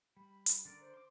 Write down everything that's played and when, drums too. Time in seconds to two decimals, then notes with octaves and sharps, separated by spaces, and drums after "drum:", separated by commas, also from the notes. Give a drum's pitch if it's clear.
0.17 G3 B5
0.46 drum: hi-hat
0.65 D3 A#4 D5 A6
0.81 C5
0.94 C6 D6